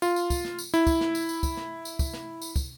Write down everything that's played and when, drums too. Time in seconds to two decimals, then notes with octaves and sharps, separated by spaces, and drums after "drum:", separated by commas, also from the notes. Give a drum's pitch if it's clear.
0.02 F4, drum: tambourine
0.16 drum: tambourine
0.30 drum: kick, tambourine
0.44 drum: snare
0.58 drum: tambourine
0.74 E4, drum: tambourine
0.87 drum: kick, tambourine
1.01 drum: snare
1.15 drum: tambourine
1.29 drum: tambourine
1.43 drum: kick, tambourine
1.57 drum: snare
1.85 drum: tambourine
1.99 drum: kick, tambourine
2.13 drum: snare
2.42 drum: tambourine
2.56 drum: kick, tambourine